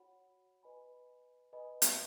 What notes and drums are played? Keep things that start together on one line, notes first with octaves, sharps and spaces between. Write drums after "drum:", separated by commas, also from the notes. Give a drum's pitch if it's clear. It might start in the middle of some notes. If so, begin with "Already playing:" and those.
Already playing: F#4 C#5 F#5 B5
B4 D#5 G#5 B5
B4 D#5 G#5 B5
drum: hi-hat